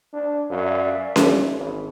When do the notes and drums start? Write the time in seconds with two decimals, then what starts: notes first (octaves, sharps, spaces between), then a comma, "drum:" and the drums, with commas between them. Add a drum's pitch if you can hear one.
0.13 D4
0.50 F#2 D5 E5 F5
1.16 D#2, drum: snare C#4
1.54 G#1